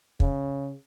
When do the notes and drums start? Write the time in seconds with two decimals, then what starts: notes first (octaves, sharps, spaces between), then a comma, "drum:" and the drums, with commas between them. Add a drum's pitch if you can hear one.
0.20 C#3, drum: kick